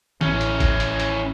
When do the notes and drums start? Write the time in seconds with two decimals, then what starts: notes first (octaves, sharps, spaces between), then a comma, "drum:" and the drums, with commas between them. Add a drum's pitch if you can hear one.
0.21 A1 C#4 E4, drum: snare
0.41 drum: hi-hat
0.60 drum: kick G1, hi-hat
0.80 drum: hi-hat
1.00 drum: hi-hat